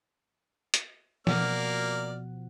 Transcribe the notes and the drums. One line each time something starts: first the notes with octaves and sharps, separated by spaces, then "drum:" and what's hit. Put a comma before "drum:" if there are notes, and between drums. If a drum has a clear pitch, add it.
drum: hi-hat
B2 F3 A#3 D5 F#5 F6, drum: snare